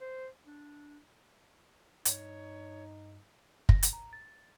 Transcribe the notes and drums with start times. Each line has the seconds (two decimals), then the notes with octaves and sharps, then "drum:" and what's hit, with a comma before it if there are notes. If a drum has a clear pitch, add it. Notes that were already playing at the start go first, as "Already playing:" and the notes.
0.01 C5
0.45 D4
2.05 G2 D#4 C#5, drum: hi-hat
3.69 A#6, drum: kick
3.83 drum: hi-hat
3.93 A#5
4.13 A6